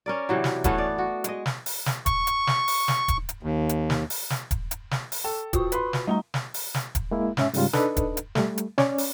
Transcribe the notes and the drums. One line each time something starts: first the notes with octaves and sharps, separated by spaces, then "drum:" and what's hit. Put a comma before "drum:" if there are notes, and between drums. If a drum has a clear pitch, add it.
C#4 A#4 D5
C3 E3 F#3
drum: snare
E3 A3 B3 C#4, drum: kick D#1, hi-hat
D5
F#4
G#3 D#5, drum: hi-hat
drum: snare
drum: open hi-hat
drum: snare
C#6, drum: kick D#1, hi-hat
drum: hi-hat
drum: snare
drum: open hi-hat
drum: snare
drum: kick D#1, hi-hat
drum: hi-hat
D#2
drum: hi-hat
drum: snare
drum: open hi-hat
drum: snare
drum: kick D#1, hi-hat
drum: hi-hat
drum: snare
drum: open hi-hat
A4 G5
F4 F#4 C#6, drum: kick D#1, hi-hat
B4 C6, drum: hi-hat
drum: snare
G3 A3 D#4 A#5
drum: snare
drum: open hi-hat
drum: snare
drum: kick D#1, hi-hat
G#3 A#3 E4
G#2 C#4 E5, drum: snare
G#2 C#3 G3 F4, drum: open hi-hat
D4 D#4 A4 B4 D#5, drum: snare
drum: kick D#1, hi-hat
drum: hi-hat
G3 A3, drum: snare
drum: hi-hat
C#4 C#5 D5, drum: snare
drum: open hi-hat